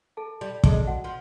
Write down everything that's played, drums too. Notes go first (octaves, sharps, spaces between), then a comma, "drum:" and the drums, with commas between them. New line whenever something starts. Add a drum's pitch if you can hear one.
A4 A5
G3
G#3 A4 A5, drum: kick
F#4 F#5
F3